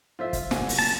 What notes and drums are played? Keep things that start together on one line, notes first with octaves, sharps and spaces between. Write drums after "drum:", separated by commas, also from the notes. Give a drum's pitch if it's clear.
F3 F4 A4 C5 E5
drum: kick, hi-hat
C2 A#2 C#3 F#3 G#5, drum: snare
drum: open hi-hat
A5